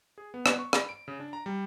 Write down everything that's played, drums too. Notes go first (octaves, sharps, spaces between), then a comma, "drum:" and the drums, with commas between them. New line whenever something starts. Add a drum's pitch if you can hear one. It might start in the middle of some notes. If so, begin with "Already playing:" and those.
G#4
B3
B3, drum: rim click
C#6
B5, drum: rim click
D7
C#3
D4
A#5
G3